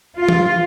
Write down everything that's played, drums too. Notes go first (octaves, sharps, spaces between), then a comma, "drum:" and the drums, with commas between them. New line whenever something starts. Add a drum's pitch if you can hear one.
F4
drum: tom E3